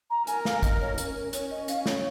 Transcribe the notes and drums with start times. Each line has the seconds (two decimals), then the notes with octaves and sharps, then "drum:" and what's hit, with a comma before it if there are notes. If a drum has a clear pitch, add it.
0.10 A#5
0.27 A#4 G#5, drum: hi-hat
0.45 F5, drum: snare
0.63 D#5, drum: kick, hi-hat
0.81 C#5
0.98 C#4 A#4, drum: hi-hat
1.16 A#4
1.33 C#4 C#5, drum: hi-hat
1.51 D#5
1.68 F5, drum: hi-hat
1.86 C#5, drum: snare